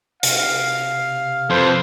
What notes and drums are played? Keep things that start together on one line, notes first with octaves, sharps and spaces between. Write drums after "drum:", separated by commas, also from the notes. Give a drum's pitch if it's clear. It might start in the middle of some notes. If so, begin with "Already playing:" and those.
C3 F5, drum: hi-hat
F2 A4 B4 C5